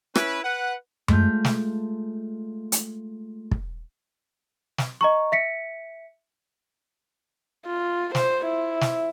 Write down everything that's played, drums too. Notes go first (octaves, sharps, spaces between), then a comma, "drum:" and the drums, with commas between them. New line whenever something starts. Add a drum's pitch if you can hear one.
C#4 E4 B4, drum: rim click
B4 F#5
G#3 A3 F4 G6, drum: tom F#2
drum: snare
drum: hi-hat
drum: kick
drum: snare
D#5 A#5 C#6
E5 B6 C#7
F4
C5, drum: snare
E4
drum: snare